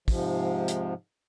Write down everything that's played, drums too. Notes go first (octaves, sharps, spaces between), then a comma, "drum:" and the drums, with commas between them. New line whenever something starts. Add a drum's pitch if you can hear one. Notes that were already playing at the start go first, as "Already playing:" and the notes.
G#2 C3 F3, drum: kick, open hi-hat
drum: hi-hat